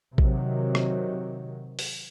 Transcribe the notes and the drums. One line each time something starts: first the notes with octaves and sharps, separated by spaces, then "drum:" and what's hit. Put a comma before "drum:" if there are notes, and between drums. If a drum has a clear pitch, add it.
C3 D#3 F#3, drum: kick A1
drum: rim click
drum: open hi-hat